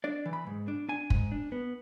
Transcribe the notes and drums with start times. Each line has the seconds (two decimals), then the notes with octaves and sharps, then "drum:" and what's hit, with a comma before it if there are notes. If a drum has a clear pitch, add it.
0.04 D4 D5
0.26 E3
0.33 B5
0.47 G#2
0.68 D4
0.89 D4 G#5
1.10 G#2, drum: kick
1.32 D4
1.52 B3